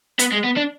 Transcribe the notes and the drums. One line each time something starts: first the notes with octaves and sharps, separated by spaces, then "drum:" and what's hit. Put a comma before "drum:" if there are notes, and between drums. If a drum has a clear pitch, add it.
B3, drum: hi-hat
G#3
B3
D4